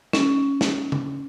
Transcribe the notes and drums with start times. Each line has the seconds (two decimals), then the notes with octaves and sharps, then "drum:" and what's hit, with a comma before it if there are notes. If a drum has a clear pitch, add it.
0.13 C#4, drum: snare
0.61 drum: snare
0.92 drum: tom C#3